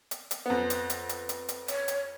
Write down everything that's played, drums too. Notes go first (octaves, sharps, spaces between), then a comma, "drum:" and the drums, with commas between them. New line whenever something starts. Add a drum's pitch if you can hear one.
drum: hi-hat
drum: hi-hat
F2 B3
drum: hi-hat
drum: hi-hat
drum: hi-hat
drum: hi-hat
drum: hi-hat
C#5, drum: hi-hat
drum: hi-hat